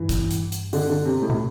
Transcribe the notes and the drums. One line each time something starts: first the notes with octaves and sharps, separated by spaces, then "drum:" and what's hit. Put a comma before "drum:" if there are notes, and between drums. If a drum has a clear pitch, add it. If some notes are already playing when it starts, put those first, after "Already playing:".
Already playing: G2 E3
drum: kick, hi-hat
drum: hi-hat
drum: hi-hat
D3, drum: open hi-hat
D3
C3
A2
C3